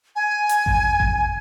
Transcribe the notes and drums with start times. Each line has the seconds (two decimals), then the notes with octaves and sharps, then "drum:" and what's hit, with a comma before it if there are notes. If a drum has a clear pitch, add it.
0.16 G#5
0.49 drum: hi-hat
0.66 drum: kick G#1
1.00 drum: kick G#1